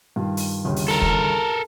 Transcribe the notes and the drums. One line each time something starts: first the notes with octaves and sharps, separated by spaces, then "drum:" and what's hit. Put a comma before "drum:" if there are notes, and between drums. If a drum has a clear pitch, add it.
G2 D#3 F4
drum: open hi-hat
G1 D#2 C#3
drum: open hi-hat
A4 A#4
drum: kick